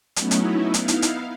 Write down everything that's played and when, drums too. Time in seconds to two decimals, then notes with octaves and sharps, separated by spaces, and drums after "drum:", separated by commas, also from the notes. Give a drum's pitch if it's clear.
0.16 F#3 A3 B3 C#4 D#4 E4, drum: hi-hat
0.31 drum: hi-hat
0.74 B3 D#4 E4 F5, drum: hi-hat
0.88 drum: hi-hat
1.02 drum: hi-hat